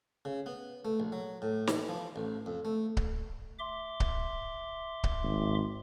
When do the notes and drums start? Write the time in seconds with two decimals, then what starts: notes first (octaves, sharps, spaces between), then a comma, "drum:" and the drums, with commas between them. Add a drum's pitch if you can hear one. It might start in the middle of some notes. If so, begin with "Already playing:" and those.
0.25 C#3
0.46 B3
0.85 A3
1.00 A#1
1.12 F#3
1.42 A2
1.67 E3, drum: snare
1.89 F3
2.16 A1
2.46 F2
2.65 A3
2.97 drum: kick C#1
3.59 E5 C6 D6
4.00 drum: kick C#1
5.04 drum: kick C#1
5.23 G#1